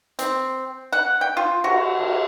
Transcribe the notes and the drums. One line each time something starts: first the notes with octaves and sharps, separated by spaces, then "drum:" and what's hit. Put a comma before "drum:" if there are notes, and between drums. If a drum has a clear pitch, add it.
C4, drum: hi-hat
F#5
G5
F4
F#4, drum: cymbal
drum: cymbal